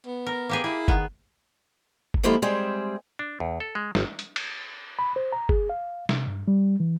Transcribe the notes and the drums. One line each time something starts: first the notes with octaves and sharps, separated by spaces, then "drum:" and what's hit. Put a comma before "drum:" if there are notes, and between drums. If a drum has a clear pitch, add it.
B3
A#4
A#3 G4 G#4
E4 G#4
D#3 B3, drum: kick F#1
drum: kick F#1
F3 G#3 A#3 E4 G4 A4
G3 G#3 C4 G#4 E5
D4
E2
A4
G#3
G#1, drum: snare
drum: hi-hat
drum: cymbal
B5
C5
A#5
G#4, drum: kick F#1
F5
C3, drum: snare
G2
G3
E3